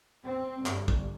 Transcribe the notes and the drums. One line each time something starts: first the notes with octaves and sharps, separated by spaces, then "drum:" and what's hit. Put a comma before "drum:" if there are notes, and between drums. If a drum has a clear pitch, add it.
C4
G1, drum: clap
drum: kick